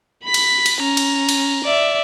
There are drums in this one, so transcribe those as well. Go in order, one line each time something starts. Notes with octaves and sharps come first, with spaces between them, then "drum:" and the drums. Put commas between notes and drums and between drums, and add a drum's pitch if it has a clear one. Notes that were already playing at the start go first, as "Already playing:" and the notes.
B5 B6
drum: cymbal
drum: cymbal
C#4 A#5
drum: cymbal
drum: cymbal
D5 E5